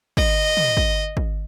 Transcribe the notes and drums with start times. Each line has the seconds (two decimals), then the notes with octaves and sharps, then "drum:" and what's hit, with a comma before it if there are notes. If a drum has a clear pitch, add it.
0.17 D#5, drum: kick
0.57 drum: tom
0.77 drum: kick
1.17 drum: kick